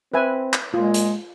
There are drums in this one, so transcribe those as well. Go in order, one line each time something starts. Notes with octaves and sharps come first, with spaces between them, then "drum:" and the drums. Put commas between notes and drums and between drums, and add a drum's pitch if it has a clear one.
C4 B4 E5 G#5
drum: clap
A#2 G#3 F4
drum: hi-hat